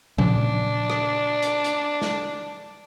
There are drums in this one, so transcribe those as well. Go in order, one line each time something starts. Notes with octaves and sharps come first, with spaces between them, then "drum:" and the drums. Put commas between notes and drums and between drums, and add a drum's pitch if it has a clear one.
A#2 C#3 D4, drum: tom F3
drum: rim click
drum: hi-hat
drum: hi-hat
drum: snare